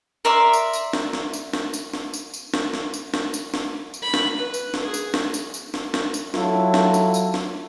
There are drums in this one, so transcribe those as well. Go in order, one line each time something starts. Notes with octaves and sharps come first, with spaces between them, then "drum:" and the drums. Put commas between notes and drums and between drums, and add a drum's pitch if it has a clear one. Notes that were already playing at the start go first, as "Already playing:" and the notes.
A#4 D5 E5 C6
drum: tambourine
drum: tambourine
drum: snare
drum: snare
drum: tambourine
drum: snare
drum: tambourine
drum: snare
drum: tambourine
drum: tambourine
drum: snare
drum: snare
drum: tambourine
drum: snare
drum: tambourine
drum: snare
drum: tambourine
B5
drum: snare
B4
drum: tambourine
drum: snare
G#4
drum: tambourine
drum: snare
drum: tambourine
drum: tambourine
drum: snare
drum: snare
drum: tambourine
F#3 E4 F4 A4, drum: snare
drum: snare
drum: tambourine
drum: tambourine
drum: snare